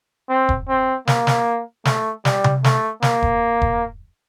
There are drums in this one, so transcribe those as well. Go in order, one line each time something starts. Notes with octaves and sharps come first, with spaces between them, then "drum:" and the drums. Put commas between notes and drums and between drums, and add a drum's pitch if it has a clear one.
C4
drum: kick E1
C4
A#3, drum: snare
drum: snare
A3, drum: snare
G3, drum: snare
drum: tom C3
A3, drum: snare
A#3, drum: snare
drum: kick E1
drum: kick E1